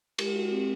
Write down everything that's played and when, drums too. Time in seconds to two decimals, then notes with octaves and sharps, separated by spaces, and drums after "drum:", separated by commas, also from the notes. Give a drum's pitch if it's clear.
0.18 G#3 G4, drum: cymbal
0.34 F#4
0.51 C4 G4